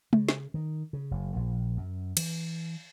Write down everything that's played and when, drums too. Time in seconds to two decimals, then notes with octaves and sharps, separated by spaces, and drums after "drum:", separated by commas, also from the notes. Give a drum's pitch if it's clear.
0.13 C#3, drum: tom G#3
0.29 drum: snare
0.54 D#3
0.93 C#3
1.11 F#1
1.36 A#1
1.77 F#2
2.17 E3, drum: cymbal